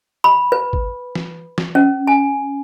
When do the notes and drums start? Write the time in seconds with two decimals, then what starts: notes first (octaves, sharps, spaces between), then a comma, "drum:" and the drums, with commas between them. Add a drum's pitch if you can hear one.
0.24 B5
0.52 B4
0.73 drum: kick G#1
1.15 drum: snare
1.58 drum: snare
1.75 C#4
2.07 G#5